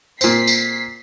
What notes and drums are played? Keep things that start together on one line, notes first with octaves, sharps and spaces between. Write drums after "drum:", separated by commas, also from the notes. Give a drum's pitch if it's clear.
A#2 C4 B6 C7, drum: tambourine
drum: tambourine